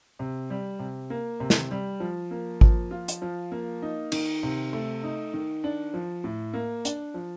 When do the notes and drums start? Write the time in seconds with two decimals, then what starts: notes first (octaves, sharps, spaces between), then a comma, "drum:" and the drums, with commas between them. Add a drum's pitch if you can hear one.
0.19 C3
0.50 G3
0.79 C3
1.10 A#3
1.40 C3
1.50 drum: snare
1.71 G3
2.00 F3
2.31 A#3
2.61 F3, drum: kick G#1
2.91 F4
3.08 drum: hi-hat
3.22 F3
3.52 A#3
3.82 D#4
4.12 D#3, drum: cymbal
4.43 C3
4.73 A3
5.03 D#4
5.33 D#3
5.64 D4
5.94 F3
6.24 A2
6.54 A#3
6.85 D4, drum: hi-hat
7.14 F3